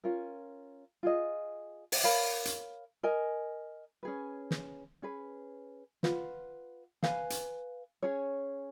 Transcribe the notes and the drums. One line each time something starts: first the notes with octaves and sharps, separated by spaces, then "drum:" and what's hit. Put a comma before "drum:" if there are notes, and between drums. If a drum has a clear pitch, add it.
C#4 F4 A#4
F4 G#4 D#5
drum: open hi-hat
A#4 C#5 F5 B5
drum: hi-hat
A#4 D#5 G#5
C#4 G#4 B4
drum: snare
C#4 G#4 B4
F4 B4 F#5, drum: snare
B4 F5 G#5, drum: snare
drum: hi-hat
C#4 G#4 C#5